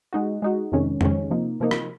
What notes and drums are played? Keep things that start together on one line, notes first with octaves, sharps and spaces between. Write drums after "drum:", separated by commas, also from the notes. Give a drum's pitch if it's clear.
G#3 D#4 F#4
G#3 D#4 F#4
F2 C3 D#3 G#3 C#4
F2 C3 D#3 G#3 C#4, drum: tom F2
C3 F3 A#3 D#4
C3 F3 A#3 D#4
drum: rim click